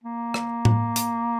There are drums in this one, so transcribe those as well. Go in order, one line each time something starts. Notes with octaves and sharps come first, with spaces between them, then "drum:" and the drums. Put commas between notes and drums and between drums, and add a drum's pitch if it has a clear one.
A#3
drum: rim click
drum: tom A2
drum: hi-hat